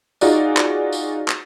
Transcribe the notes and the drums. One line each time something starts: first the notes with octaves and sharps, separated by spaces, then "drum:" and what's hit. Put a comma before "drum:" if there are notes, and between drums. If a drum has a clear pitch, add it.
D#4 F4 F#4 G#4 D5, drum: tambourine
drum: clap
drum: tambourine
drum: clap